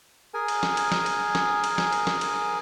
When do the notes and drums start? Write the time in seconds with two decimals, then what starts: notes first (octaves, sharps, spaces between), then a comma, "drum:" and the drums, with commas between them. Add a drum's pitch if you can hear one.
0.34 G#4 A#4 G#5
0.48 drum: cymbal
0.63 drum: snare
0.77 drum: cymbal
0.92 drum: snare
1.06 drum: cymbal
1.35 drum: snare
1.64 drum: cymbal
1.78 drum: snare
1.92 drum: cymbal
2.07 drum: snare
2.21 drum: cymbal